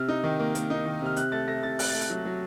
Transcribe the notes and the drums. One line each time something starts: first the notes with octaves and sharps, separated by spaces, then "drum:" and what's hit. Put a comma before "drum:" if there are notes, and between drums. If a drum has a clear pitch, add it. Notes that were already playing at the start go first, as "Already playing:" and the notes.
Already playing: C3 F6
D#4
D#3
A#3
A#3, drum: hi-hat
D#4
D#3
C3 F6
C3 F#6, drum: hi-hat
A3 A6
A3 A#6
C3 A6
A3 F#6, drum: open hi-hat
A3 A6
F#6, drum: hi-hat
F#3
F#3